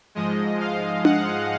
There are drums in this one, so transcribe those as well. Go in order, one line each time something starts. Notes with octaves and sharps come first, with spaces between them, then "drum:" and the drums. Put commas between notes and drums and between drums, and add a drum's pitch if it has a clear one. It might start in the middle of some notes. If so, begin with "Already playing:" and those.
G#2 F3 G#3 D#5
F5
F#5, drum: tom D4